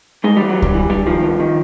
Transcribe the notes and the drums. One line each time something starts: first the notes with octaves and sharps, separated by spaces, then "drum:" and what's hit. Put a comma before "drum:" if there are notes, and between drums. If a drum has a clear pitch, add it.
G2 G#3
E3 G3
F#3
G2
G3, drum: kick C#2
E3
G2 G3
D#3 F3
G2
D#3